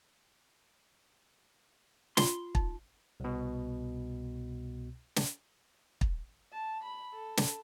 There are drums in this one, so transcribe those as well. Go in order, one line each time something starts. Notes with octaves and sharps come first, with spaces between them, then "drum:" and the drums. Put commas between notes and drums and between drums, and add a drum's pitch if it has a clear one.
F4 C6, drum: snare
D#4, drum: kick
C2 B2
drum: snare
drum: kick
A5
B5
A4
drum: snare